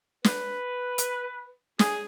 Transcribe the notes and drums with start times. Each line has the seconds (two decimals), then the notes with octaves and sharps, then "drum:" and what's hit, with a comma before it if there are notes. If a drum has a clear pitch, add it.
0.24 B4, drum: snare
0.98 drum: hi-hat
1.79 G#4, drum: snare